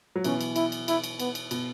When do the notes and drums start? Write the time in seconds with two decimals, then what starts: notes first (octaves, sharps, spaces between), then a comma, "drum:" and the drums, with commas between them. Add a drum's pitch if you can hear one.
0.16 F#3
0.24 B2 E3 C#4, drum: cymbal
0.41 drum: cymbal
0.56 E4, drum: cymbal
0.72 drum: cymbal
0.88 E4, drum: cymbal
1.04 drum: cymbal
1.20 B3, drum: cymbal
1.35 drum: cymbal
1.51 B2, drum: cymbal